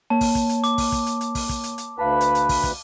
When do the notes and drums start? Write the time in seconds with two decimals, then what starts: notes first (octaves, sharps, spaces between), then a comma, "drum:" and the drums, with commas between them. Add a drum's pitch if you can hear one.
0.10 A#3 C#5 A5
0.21 drum: kick, open hi-hat
0.35 drum: kick, hi-hat
0.49 drum: hi-hat
0.64 D6, drum: hi-hat
0.78 drum: kick, open hi-hat
0.92 drum: kick, hi-hat
1.06 drum: hi-hat
1.21 drum: hi-hat
1.35 drum: kick, open hi-hat
1.49 drum: kick, hi-hat
1.64 drum: hi-hat
1.78 drum: hi-hat
1.99 D2 B4 F5 A5 B5
2.21 drum: hi-hat
2.35 drum: hi-hat
2.49 drum: kick, open hi-hat
2.63 drum: kick, hi-hat